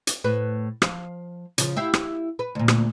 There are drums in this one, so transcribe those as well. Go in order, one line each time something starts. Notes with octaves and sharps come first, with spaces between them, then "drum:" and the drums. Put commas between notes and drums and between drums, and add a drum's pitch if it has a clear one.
drum: hi-hat
A2 B4
F3 F5, drum: rim click
C#3 F3, drum: hi-hat
E4 G4 F5
drum: rim click
B4
D2 A#2
drum: rim click